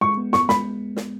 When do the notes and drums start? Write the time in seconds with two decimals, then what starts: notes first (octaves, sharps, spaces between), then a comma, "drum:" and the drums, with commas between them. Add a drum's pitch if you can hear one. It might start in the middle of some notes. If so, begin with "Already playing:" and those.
0.01 G#3 C#6
0.17 B3
0.33 B3 C#6, drum: snare
0.49 G#3 B5, drum: snare
0.96 drum: snare